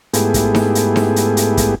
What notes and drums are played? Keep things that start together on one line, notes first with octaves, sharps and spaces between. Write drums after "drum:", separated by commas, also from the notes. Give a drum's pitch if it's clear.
G#2 A3 B3 E4 G4 G#4, drum: hi-hat
drum: kick, hi-hat
drum: snare D#4
drum: hi-hat
drum: snare D#4
drum: hi-hat
drum: hi-hat
drum: kick, hi-hat